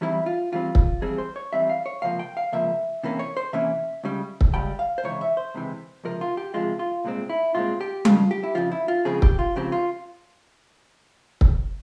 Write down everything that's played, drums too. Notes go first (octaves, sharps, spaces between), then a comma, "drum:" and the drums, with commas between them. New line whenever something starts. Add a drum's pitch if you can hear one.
E2 E3 G3 C4 E4
F4
E2 E3 G3 C4 F4
drum: kick
F2 E3 G3 C4 G#4
C5
C#5
F2 E3 G3 C4 E5
F5
C#5
C#2 C3 F3 A#3 F5
G5
F5
C#2 C3 F3 A#3 E5
C3 E3 A#3 C#4
C#5
C5
C3 E3 A#3 C#4 E5
C#2 C#3 G3
drum: kick
C#2 C#3 G3 G5
F5
C5
C#2 C3 E3 C#5
E5
C5
C#2 C3 E3
C#2 C3 F3 A#4
F4
G4
C#2 C3 F3 G#3 F4
F4
C2 A#2 G#3 C4
E4
C2 A#2 G#3 C4 F4
G4
F2 C#3 F3 F4, drum: tom G3
G4
E4
F2 C#3 F3 F4
E4
F4
C#2 C#3 F3 C4 G#4
G4, drum: kick
F4
C#2 C#3 F3 C4 G4
F4
drum: kick